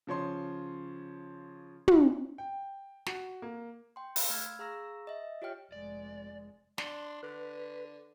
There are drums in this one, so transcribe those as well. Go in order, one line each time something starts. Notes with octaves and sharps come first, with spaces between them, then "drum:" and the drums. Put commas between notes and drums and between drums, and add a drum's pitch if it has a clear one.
C#3 F3 C#5 C6
drum: tom
G5
F#4, drum: snare
A#3
G5 C6
F5 E6, drum: open hi-hat
A3 B5 E6 F6 G#6
G#4 F5 A#5 C#6 E6 A#6
D#5 E5
F4 G4 C#5 E5 G5 F6
F1 G#3 D5
D4 C6, drum: snare
D3 B4